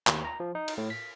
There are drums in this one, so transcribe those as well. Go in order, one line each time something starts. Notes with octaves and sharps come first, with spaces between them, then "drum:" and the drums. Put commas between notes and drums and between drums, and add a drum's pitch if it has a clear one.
D#2, drum: clap
A#5
F3
D#4
drum: cymbal
A2
B6